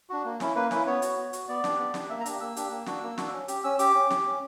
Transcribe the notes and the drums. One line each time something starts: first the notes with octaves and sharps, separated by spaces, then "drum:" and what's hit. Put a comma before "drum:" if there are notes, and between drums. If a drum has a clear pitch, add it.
D4 F#4
A#3
C#4 E4, drum: snare
A#3 B4
C#4 E4 B4, drum: snare
B3 C#5
F#4, drum: hi-hat
B3
F#4, drum: hi-hat
B3 D5
D4 G4, drum: snare
B3
D4 G4, drum: snare
A#3 E5
A#5
D4 G4, drum: hi-hat
A#3 E6
D4 G4, drum: hi-hat
A#3
D4 F#4, drum: snare
A#3
D4 F#4, drum: snare
C#4
G4, drum: hi-hat
C#4 E6
G4 D6, drum: hi-hat
C#4
G4, drum: snare
C#4